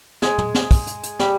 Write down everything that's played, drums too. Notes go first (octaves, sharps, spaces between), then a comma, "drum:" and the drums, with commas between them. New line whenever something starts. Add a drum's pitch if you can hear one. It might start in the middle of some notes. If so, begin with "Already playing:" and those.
G#3 G#4, drum: snare
drum: tom
drum: snare
drum: kick, open hi-hat
drum: hi-hat
drum: hi-hat
G3 G4, drum: snare